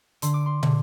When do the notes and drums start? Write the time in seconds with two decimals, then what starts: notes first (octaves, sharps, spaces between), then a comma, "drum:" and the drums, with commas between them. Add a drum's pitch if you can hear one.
0.22 D3 C6, drum: hi-hat
0.34 D6
0.46 C6
0.63 D3, drum: tom